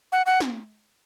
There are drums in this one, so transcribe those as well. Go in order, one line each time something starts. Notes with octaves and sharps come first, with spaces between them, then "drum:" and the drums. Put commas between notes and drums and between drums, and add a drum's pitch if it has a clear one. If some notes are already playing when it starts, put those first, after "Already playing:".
F#5
F#5
drum: snare